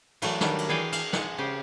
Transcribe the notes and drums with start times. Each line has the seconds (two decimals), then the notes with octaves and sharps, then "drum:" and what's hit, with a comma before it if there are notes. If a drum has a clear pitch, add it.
0.22 E3 F#3 A3 D5, drum: cymbal
0.41 D#3 F#3 G3 D4, drum: snare
0.58 drum: cymbal
0.69 E3 G#4 D5 F5 G5 G#5
0.92 F5, drum: cymbal
1.13 G#3 F#5, drum: snare
1.38 C#3 G4 C5